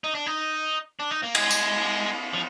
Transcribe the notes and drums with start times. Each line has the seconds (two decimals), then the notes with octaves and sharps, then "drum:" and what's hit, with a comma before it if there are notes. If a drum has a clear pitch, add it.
0.04 D#4
0.15 D4
0.26 D#4
1.00 D4
1.11 D#4
1.23 A#3
1.35 G#3, drum: cymbal
1.51 drum: tambourine
2.34 F3